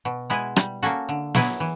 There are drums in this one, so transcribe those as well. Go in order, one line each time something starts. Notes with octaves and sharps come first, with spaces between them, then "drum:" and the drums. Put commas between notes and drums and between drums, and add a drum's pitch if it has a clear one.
B2
G#3 B3 E4 G#4
G3, drum: rim click
A#3 C#4 F#4 A4
D3
F#3 B3 E4 G#4, drum: snare
E3